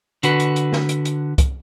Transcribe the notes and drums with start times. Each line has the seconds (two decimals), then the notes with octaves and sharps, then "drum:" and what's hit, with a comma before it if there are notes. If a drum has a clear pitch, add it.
0.23 D3 F#4 B4, drum: hi-hat
0.40 drum: hi-hat
0.56 drum: hi-hat
0.73 drum: snare
0.89 drum: hi-hat
1.05 drum: hi-hat
1.38 drum: kick C2, hi-hat